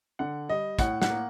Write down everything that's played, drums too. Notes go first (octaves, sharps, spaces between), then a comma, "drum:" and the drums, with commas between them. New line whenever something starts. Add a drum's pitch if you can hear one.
D3 F#5
G3 D#5
A2 F#5, drum: kick, hi-hat
F#5, drum: snare
A#3